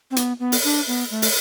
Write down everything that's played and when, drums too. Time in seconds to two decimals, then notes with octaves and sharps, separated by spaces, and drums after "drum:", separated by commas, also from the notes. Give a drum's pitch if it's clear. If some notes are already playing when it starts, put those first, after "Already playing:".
0.11 C4
0.16 B3, drum: hi-hat
0.40 B3
0.52 drum: open hi-hat
0.64 D4
0.87 B3
1.11 A3
1.22 drum: open hi-hat